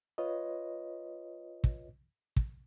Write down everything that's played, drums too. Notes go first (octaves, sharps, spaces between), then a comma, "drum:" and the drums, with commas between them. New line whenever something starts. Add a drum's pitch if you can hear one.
F4 B4 C#5 D#5
drum: kick
drum: kick